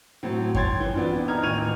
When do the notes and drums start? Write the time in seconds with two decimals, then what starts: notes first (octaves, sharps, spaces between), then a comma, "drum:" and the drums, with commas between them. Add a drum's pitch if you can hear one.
0.23 A2 F#3 C4
0.55 C#5 G5 C6 G#6 A6, drum: kick F#2
0.80 E3
0.95 B3 C4 D4 F4
1.28 D#4 A#5 F6 G#6
1.43 D#1 A1 C#6 G#6 D#7 F7